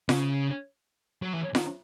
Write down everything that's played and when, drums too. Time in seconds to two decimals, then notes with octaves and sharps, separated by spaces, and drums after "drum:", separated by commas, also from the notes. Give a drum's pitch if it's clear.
0.09 C#3, drum: snare F4
1.22 F#3
1.33 E3
1.55 D#3, drum: snare F4